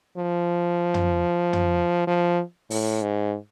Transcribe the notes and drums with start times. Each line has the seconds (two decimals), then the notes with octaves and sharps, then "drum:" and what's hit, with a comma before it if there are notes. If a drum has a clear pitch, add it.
0.18 F3
0.94 drum: tom
1.53 drum: tom
2.08 F3
2.70 A2, drum: open hi-hat
3.02 G#2